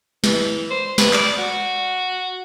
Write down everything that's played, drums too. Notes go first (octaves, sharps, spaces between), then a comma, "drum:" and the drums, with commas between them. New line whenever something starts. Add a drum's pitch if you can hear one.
E3, drum: snare
C5
B4, drum: snare
D5, drum: clap
F#4